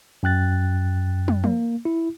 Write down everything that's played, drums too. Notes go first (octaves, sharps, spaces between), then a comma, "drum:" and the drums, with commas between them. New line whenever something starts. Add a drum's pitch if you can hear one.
F#2 G5 F#6 A6
drum: tom
A#3, drum: tom
E4